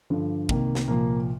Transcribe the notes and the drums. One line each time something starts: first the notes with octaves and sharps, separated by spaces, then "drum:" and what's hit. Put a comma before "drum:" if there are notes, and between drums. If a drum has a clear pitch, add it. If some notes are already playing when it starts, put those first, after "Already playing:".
G2 D3 F3
C2 C3 D#3 A#3, drum: kick
drum: snare
C2 A#2 F3 A#3